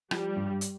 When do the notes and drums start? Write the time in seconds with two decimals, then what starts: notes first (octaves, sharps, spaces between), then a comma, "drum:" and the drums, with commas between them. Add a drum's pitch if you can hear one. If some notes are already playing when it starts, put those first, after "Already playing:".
0.11 F3 G3, drum: rim click
0.36 G2
0.61 drum: hi-hat